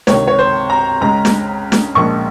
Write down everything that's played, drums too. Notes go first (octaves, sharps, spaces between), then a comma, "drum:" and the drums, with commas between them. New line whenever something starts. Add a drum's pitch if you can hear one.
C#2 C3 D#3 C#5, drum: snare
C#5
C5
A#5
C#2 C#3 G#3 A#5
drum: snare
drum: snare
A#1 A#2 F3 G#3 C#6